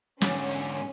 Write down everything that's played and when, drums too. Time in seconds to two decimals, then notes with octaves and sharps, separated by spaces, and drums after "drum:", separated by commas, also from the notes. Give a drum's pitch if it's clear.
0.21 G#2 D3 C#4, drum: snare
0.51 drum: hi-hat